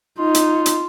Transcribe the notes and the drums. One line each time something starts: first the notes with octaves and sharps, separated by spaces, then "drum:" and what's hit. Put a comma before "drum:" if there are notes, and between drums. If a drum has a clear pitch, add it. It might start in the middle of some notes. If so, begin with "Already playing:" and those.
D#4 F4
drum: hi-hat
drum: hi-hat